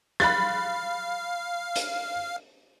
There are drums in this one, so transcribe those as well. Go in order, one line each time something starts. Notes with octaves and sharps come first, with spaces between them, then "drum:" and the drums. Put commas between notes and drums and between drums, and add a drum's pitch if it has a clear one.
F5 B5 F#6 A6, drum: rim click
drum: hi-hat